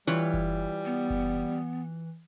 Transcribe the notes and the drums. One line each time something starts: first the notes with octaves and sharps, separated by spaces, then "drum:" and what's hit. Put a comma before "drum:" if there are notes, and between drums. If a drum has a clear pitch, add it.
E3 G3 E4 F4 C#5
drum: kick F#1
B3
drum: kick F#1